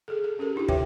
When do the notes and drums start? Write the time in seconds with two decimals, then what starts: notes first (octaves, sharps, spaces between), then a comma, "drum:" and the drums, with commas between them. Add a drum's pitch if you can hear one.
0.08 G#4 A4
0.24 A4
0.39 C#4 G4 A4 A#4
0.56 D4 E4 F4 G4
0.68 E4 B4 C#5 E5 G5 D6, drum: kick